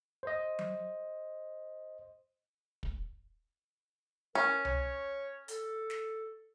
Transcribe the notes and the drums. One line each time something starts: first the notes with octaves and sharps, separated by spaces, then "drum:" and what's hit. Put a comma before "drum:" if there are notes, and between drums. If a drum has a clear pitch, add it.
C5 D#5
drum: tom F#3
drum: kick
C#4 A#4
C#5, drum: tom C2
A4, drum: hi-hat
drum: snare